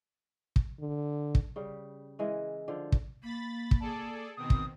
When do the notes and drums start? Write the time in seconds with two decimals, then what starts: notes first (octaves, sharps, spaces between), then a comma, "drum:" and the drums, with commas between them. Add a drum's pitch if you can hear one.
0.56 drum: kick
0.80 D3
1.35 drum: kick
1.56 C#3 G3
2.19 E3 G#3 A#4
2.68 D3 F3
2.92 drum: kick
3.23 A#3 B5 A6
3.71 drum: kick
3.80 G#4 A4 D5 A5
4.37 B2 D#3 C4 D#6
4.50 drum: kick